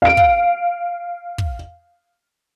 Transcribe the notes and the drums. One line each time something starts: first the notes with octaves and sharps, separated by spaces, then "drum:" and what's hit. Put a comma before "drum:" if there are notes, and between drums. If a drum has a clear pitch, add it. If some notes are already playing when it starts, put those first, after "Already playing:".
F5 D7
drum: kick
drum: kick